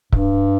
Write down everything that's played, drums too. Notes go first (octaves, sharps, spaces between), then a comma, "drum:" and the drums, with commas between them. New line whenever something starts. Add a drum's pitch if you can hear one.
G2, drum: kick C#1